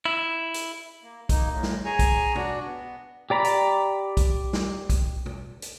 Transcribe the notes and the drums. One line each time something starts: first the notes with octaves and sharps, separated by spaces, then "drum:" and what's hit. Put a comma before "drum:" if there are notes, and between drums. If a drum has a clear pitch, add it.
E4
drum: hi-hat
A#3
A#3 D#4, drum: kick, hi-hat
A2
drum: snare
G#4 C#5 G#5 A#5
drum: kick, hi-hat
D4 F#4, drum: tom B2
B3
G4 D5 A#5 B5
drum: hi-hat
drum: kick, hi-hat
drum: snare
drum: kick, hi-hat
drum: tom B2
drum: hi-hat